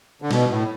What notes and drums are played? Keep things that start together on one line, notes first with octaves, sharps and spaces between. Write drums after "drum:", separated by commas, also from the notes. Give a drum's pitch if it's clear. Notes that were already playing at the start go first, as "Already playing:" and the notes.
D3
B2, drum: snare
A2